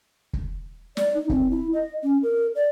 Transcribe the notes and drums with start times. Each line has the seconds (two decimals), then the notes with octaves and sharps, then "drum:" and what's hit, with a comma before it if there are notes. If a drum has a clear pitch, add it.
0.33 drum: kick
0.97 D5, drum: snare
1.14 D#4
1.29 C4, drum: kick
1.50 E4
1.73 D#5
2.03 C#4
2.23 A#4
2.55 D5